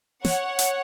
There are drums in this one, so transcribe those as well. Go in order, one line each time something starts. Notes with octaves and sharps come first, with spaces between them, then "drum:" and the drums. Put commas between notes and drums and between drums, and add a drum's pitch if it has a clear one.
C#5 F#5, drum: snare
drum: hi-hat